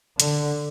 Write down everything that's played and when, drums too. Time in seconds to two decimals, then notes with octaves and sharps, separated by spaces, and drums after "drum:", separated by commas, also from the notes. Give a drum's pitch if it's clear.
0.20 D3, drum: hi-hat